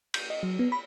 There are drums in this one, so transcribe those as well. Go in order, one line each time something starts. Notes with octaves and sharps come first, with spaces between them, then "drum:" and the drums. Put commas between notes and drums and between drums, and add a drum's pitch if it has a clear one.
G6, drum: cymbal
D#5
F#3
B3
B5